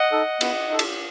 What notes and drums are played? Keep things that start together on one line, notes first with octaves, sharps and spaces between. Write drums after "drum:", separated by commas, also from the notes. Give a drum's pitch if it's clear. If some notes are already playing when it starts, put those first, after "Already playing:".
Already playing: D#5 F#5
D#4 A4
B3, drum: cymbal
D#4 A4
drum: cymbal